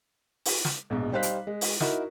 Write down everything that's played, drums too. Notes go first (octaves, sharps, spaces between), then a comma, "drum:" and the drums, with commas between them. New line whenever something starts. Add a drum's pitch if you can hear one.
drum: open hi-hat
drum: snare
A#1 G#2 B2
G3 D#4 C5 F5 F#6 B6
drum: hi-hat
G#3
drum: open hi-hat
D#4 E4 F#4 A#4, drum: snare